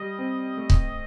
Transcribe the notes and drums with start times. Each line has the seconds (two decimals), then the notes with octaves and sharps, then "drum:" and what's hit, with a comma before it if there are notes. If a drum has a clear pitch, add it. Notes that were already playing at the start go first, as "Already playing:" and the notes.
Already playing: G3 D#5
0.19 C4
0.57 A3
0.70 drum: kick C#1